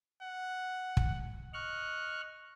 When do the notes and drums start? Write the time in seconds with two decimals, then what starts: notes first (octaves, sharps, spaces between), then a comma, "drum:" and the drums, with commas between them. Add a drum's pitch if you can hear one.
0.22 F#5
0.97 drum: kick
1.54 D#5 C#6 F6 F#6